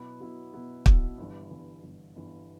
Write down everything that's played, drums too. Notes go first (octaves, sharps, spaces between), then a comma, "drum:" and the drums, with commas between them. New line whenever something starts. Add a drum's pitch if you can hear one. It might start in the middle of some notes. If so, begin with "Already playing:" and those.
Already playing: B2 F#3 B3 E4
B2 F#3 B3 E4
B2 F#3 B3 E4
B2 F#3 B3 E4, drum: kick
G1 G2 E3
G1 G2 E3
G1 G2 E3
G1 G2 E3